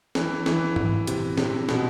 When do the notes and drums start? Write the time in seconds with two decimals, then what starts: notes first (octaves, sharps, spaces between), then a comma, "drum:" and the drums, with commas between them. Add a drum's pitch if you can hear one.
0.15 E3, drum: snare
0.46 E3, drum: snare
0.76 drum: tom G#2
1.07 C3, drum: hi-hat
1.38 C3, drum: snare
1.69 B2, drum: snare